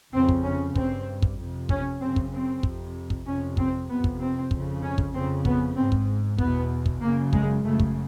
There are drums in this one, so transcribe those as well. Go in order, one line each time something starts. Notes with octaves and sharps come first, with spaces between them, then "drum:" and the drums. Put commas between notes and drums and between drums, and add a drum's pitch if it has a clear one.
F2 C#3 C4
drum: kick
C#4
G2 C4, drum: kick
drum: kick
F2 C3
C#4, drum: kick
F#2 C#3 C4
drum: kick
C4
F2 C3, drum: kick
drum: kick
F2 C3 C#4
C4, drum: kick
F2 C3 B3
drum: kick
C4
F2 C#3, drum: kick
C#4
drum: kick
F2 C#3 C4
B3, drum: kick
G#2 C4
drum: kick
E2 B2 B3, drum: kick
drum: kick
F#2 C#3 A#3
G#3, drum: kick
F#2 C#3 A3
drum: kick